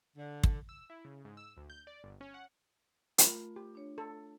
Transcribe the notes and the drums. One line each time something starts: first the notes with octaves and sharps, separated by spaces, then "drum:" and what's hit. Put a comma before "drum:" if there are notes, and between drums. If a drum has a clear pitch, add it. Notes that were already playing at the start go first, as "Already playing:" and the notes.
D3
drum: kick
E6
E4
C#3
G#2
E6
D2
G6
D5
G1
C#4
F#5
A3 F4 A#4 B5, drum: hi-hat
G4
D4 C#5
A4